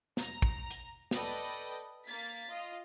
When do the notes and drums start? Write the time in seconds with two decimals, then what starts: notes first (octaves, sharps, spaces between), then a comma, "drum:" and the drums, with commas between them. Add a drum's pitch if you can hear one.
0.17 A#5, drum: snare
0.42 drum: kick
0.71 drum: hi-hat
1.11 A4 B4 D5 D#5 G5, drum: snare
2.05 A#3 A6 B6
2.49 F4 D#5